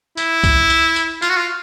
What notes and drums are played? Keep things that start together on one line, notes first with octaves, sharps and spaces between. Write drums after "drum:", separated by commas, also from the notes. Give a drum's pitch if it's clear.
E4, drum: tambourine
drum: kick C2, tambourine
drum: tambourine
drum: tambourine
F4, drum: tambourine
F#4
F4